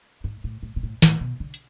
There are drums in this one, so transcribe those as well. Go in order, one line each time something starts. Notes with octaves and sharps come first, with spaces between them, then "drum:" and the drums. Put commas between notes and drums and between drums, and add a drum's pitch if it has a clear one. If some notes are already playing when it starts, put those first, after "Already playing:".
G#2
A2
A2
B2
A2
A2, drum: snare
B2
D3
drum: hi-hat